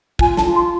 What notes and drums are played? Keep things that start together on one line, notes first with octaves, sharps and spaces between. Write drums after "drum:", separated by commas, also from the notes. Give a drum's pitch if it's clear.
F4 G#5, drum: kick
A5, drum: snare
F4
C6